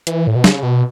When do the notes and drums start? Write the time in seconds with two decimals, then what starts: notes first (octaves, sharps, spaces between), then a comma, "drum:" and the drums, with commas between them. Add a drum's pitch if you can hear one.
0.07 E3, drum: hi-hat
0.27 A2
0.36 B2
0.44 C#3, drum: snare
0.63 B2